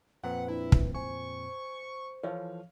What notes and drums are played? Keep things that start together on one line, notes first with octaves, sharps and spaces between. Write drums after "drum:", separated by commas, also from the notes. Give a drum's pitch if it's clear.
F2 A#2 C4 B4 F#5
D4 E4
drum: kick
C5 G#5 C#6
E3 F3 A4 C#5 F5